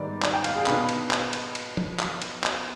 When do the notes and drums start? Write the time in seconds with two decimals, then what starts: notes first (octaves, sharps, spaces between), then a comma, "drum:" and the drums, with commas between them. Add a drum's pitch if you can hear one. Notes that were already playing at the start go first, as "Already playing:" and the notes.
Already playing: G#2 D#3 G3 B3 D5
0.22 D5, drum: clap
0.34 G5
0.44 F5, drum: cymbal
0.56 G#4
0.66 B2 B3 D4 B4, drum: clap
0.89 drum: cymbal
1.11 drum: clap
1.33 drum: cymbal
1.55 drum: cymbal
1.77 drum: tom
1.99 drum: clap
2.22 drum: cymbal
2.44 drum: clap